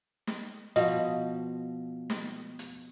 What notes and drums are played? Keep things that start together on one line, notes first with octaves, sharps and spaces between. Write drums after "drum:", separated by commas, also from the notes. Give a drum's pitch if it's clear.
drum: snare
B2 F3 D#5, drum: hi-hat
drum: snare
drum: hi-hat